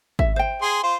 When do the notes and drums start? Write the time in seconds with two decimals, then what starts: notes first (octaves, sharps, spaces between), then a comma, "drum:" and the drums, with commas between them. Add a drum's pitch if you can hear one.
0.19 E5, drum: kick G#1
0.36 C5 G5
0.62 G#4 C6
0.83 F4 C5